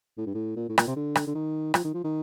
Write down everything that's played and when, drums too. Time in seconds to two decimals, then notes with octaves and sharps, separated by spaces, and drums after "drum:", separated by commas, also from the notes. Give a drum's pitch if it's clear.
0.18 A2
0.26 G2
0.34 A2
0.56 A#2
0.69 A2
0.78 A#2, drum: rim click
0.87 C3
0.96 D3
1.15 drum: rim click
1.27 D3
1.35 D#3
1.74 F3, drum: rim click
1.84 D#3
1.94 F3
2.04 D#3